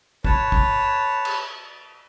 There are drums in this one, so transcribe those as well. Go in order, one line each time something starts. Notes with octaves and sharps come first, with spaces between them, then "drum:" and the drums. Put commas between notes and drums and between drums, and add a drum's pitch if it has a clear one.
B4 C#5 A5, drum: kick
drum: kick
drum: cymbal